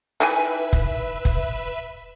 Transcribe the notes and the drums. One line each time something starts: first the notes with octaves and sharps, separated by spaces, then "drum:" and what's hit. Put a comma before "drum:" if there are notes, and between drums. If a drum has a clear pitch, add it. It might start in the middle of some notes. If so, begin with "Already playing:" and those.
D#3 E3 B4 E5 G#5
drum: kick
drum: kick